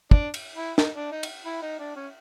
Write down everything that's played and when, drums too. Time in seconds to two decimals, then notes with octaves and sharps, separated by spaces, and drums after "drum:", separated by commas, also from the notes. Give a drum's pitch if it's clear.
0.11 D4, drum: kick
0.34 drum: cymbal
0.56 E4
0.78 D#4, drum: snare
0.95 D4
1.12 D#4
1.23 drum: cymbal
1.45 E4
1.62 D#4
1.79 D4
1.95 C#4